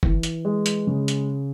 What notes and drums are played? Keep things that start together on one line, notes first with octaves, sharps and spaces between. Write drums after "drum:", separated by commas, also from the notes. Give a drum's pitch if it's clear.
E3, drum: kick F#1
drum: hi-hat
G#3
drum: hi-hat
C#3
drum: hi-hat